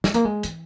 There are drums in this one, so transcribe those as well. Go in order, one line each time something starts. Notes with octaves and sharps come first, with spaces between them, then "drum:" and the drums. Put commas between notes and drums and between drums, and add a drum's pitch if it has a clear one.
G#3, drum: snare
A#3, drum: hi-hat
G#3
E3, drum: hi-hat